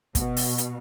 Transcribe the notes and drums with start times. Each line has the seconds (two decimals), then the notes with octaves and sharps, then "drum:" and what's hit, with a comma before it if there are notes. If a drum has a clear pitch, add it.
0.15 B2, drum: kick, hi-hat
0.37 drum: open hi-hat
0.58 drum: hi-hat